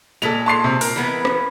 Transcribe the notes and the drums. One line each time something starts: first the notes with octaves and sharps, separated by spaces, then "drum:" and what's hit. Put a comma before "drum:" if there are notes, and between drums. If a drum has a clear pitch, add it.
A#2 G#3 A4 B6 F7
A5 C6 C7
C3
A#4, drum: open hi-hat
E3 G#3 B3
drum: rim click